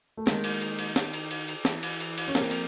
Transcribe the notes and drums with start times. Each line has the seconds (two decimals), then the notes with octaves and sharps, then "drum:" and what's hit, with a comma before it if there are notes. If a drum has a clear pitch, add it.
0.17 A3
0.27 D#3 G#3 A#3, drum: snare
0.44 drum: cymbal
0.61 drum: cymbal
0.79 drum: cymbal
0.96 drum: snare
1.13 drum: cymbal
1.31 drum: cymbal
1.48 drum: cymbal
1.65 E3, drum: snare
1.83 drum: cymbal
2.00 drum: cymbal
2.18 drum: cymbal
2.28 C#4
2.35 F3 A#3 C4, drum: snare
2.43 E3
2.51 F3, drum: cymbal